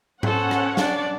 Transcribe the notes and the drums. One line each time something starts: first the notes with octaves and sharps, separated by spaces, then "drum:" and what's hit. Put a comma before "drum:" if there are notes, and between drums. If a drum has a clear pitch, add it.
C#4 A4 C5 F#5, drum: tom G#2
drum: rim click
D4 D5, drum: snare